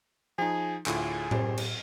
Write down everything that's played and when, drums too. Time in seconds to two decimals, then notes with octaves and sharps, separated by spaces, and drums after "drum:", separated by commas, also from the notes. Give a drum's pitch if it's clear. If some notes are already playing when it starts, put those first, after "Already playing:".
0.38 F3 D#4 G#4
0.86 D2 A2 F4 G#4, drum: clap
1.31 G4 C5, drum: tom A2
1.57 drum: cymbal